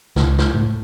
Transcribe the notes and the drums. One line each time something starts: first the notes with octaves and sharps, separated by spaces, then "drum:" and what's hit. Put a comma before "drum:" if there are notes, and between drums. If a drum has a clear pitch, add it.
C#2, drum: snare
drum: snare
A2